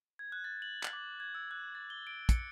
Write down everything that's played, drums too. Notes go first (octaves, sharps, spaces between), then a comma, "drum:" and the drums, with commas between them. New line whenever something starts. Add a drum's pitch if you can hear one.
G#6
F#6
A6
F#7
drum: clap
D6
G#6
E6
F#6
A6
G7
D7
C#7, drum: kick, hi-hat